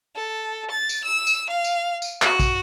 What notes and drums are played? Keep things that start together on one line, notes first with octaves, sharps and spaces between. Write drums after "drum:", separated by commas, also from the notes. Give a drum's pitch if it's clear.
A4
A6
drum: tambourine
E6
drum: tambourine
F5
drum: tambourine
drum: tambourine
F#4, drum: clap
drum: kick, tambourine